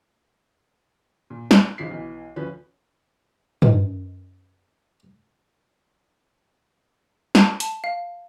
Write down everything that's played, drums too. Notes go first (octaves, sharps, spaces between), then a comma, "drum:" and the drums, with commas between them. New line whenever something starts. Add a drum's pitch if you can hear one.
A#2
F6 F#6, drum: snare
A1 C#3 F3 D#4 B6 C7
B1 E3
D2 F3 C#4 B4
G2 D#3, drum: tom
A5, drum: snare
A5, drum: hi-hat
F5